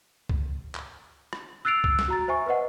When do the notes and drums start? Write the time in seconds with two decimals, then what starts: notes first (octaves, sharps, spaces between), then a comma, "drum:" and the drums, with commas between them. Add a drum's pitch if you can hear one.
0.29 drum: kick C2
0.75 drum: clap
1.33 drum: rim click
1.65 E6 F#6 A6 C7 D7 F7
1.84 E6, drum: kick C2
1.99 drum: snare
2.08 F#4 A#5 A6
2.28 C5 E5 G#5 C#6
2.46 B4 C5 D#5 F#5